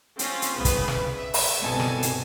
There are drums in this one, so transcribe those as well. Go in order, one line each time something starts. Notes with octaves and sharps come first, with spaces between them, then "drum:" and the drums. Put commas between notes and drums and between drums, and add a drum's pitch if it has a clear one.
C4 C#4 F4, drum: hi-hat
drum: hi-hat
C2 C#3 B3 B4
drum: kick, hi-hat
drum: snare
E5
drum: open hi-hat
G1 C2 B2 A4 G#5 A5
drum: snare
drum: hi-hat